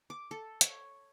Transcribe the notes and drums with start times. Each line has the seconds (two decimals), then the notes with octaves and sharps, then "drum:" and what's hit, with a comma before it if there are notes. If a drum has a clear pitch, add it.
0.10 D6
0.31 A4
0.61 C#5, drum: hi-hat